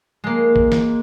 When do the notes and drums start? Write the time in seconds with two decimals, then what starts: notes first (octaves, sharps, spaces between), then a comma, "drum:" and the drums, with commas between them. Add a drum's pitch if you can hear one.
0.24 G#3 A#3
0.56 drum: kick
0.72 drum: snare